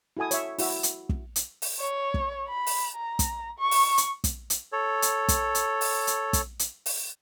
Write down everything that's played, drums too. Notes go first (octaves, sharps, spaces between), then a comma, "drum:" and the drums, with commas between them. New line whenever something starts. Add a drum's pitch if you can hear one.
E4 F#4 A4 G#5 D#6
C#5 E5, drum: hi-hat
E4 F#4 E5, drum: open hi-hat
drum: hi-hat
drum: kick
drum: hi-hat
drum: open hi-hat
C#5
drum: kick
B5
drum: open hi-hat
A#5
drum: kick, hi-hat
C#6
drum: open hi-hat
drum: hi-hat
drum: kick, hi-hat
drum: hi-hat
A4 C#5
drum: hi-hat
drum: kick, hi-hat
drum: hi-hat
drum: open hi-hat
drum: hi-hat
drum: kick, hi-hat
drum: hi-hat
drum: open hi-hat